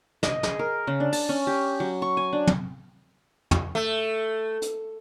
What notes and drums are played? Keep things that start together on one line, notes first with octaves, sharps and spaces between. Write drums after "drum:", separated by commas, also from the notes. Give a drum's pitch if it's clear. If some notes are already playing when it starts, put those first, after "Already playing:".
D#5, drum: snare
G#4, drum: snare
A#4
C#3
D4
A5, drum: open hi-hat
C#4
G4
F#3
C#6
G#5
D4
drum: tom
drum: tom
A3
drum: hi-hat